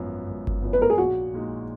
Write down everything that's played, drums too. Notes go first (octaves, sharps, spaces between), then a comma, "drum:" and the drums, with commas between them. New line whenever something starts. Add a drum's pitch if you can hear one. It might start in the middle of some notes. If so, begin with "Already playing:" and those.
Already playing: G#1 F#2 F3 B3
G#1
drum: kick G1
F#2 F3 B3
B4
A#4
G#4
A#1 F#4
A#2 G#3 D#4